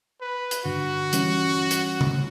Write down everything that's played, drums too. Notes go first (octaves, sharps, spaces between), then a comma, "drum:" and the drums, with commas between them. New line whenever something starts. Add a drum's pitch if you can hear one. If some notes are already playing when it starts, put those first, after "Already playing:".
B4
drum: hi-hat
G2 D3 F#4
E3 G3 C#4, drum: hi-hat
drum: hi-hat
drum: tom C#3